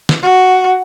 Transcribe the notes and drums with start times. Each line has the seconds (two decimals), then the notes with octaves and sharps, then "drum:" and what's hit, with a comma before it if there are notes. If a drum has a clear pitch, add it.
0.09 drum: snare
0.23 F#4